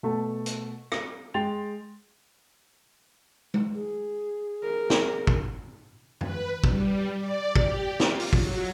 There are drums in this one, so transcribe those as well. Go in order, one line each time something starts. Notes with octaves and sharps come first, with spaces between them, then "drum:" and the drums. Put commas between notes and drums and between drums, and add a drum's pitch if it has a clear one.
B2 A3 A5
drum: hi-hat
A#6, drum: rim click
G#3 G5 C6 A6 F7
drum: tom
G#4
A#4
drum: snare
drum: kick
B4, drum: tom F#2
G3, drum: kick
D5
G4, drum: kick
F4, drum: snare
drum: open hi-hat
F#3, drum: kick